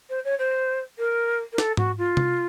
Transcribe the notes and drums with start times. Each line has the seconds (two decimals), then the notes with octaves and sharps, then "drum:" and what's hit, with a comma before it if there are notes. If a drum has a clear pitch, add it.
0.09 C5
0.24 C#5
0.38 C5
0.98 A#4
1.52 A#4
1.58 A4, drum: snare
1.77 F#4, drum: tom G#2
1.98 F4
2.17 drum: tom C3